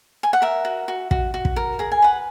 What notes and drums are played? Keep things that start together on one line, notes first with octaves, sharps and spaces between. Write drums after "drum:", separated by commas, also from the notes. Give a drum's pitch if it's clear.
G#5
F#5
A#4 E5
F#4
F#4
F#4, drum: kick
F#4
drum: kick
A#4
G#4 A#5
G#5
B4 F#5